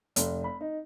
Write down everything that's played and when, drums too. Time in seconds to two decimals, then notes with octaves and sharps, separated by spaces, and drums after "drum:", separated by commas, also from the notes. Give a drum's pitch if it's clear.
0.16 F1, drum: hi-hat
0.44 B5
0.61 D#4